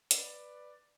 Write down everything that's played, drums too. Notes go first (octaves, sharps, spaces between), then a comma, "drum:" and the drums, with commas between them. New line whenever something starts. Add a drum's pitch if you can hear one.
B4 D5, drum: hi-hat